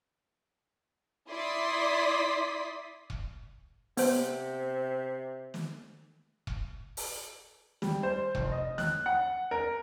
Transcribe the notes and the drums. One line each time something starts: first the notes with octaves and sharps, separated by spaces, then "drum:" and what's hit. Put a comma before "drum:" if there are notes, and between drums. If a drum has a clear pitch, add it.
E4 D5 C6 D#6 B6
drum: kick E1
C3 B3 C5, drum: open hi-hat
drum: snare
drum: kick E1
drum: open hi-hat
G3, drum: snare
C5
F1, drum: kick E1
D#5
F#6, drum: snare
F#5
A#4